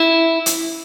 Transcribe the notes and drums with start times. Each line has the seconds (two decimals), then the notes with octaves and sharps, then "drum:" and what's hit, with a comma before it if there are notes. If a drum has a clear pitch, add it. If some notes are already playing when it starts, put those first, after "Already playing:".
Already playing: E4
0.46 drum: hi-hat